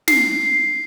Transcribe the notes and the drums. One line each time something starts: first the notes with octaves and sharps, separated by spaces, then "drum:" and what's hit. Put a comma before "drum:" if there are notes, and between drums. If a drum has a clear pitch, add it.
C7, drum: snare